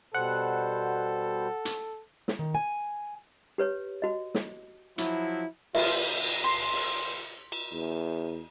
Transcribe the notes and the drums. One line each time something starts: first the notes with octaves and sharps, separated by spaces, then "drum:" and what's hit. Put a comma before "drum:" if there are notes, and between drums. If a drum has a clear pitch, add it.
B2 G3 A4 C5 F#5
drum: hi-hat
drum: snare
D#3
G#5
G4 B4 C#5
F#4 D#5
drum: snare
F3 F#3 E4, drum: hi-hat
F4 E5, drum: cymbal
C6
drum: open hi-hat
drum: cymbal
E2